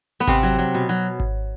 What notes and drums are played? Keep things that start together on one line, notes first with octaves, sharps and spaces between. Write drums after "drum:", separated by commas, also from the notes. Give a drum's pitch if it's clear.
B3
C3 C4, drum: kick G#1
F#3
F#3
B2
F#3
drum: kick G#1